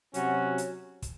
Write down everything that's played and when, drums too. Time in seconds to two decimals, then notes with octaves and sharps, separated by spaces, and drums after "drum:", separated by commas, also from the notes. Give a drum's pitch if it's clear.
0.14 C3 F#3 C#4 F#4, drum: hi-hat
0.58 drum: hi-hat
1.02 drum: kick, hi-hat